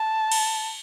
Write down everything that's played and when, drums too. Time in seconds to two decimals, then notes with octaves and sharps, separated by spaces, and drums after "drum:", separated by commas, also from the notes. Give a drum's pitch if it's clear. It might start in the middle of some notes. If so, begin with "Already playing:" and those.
Already playing: A5
0.32 drum: cymbal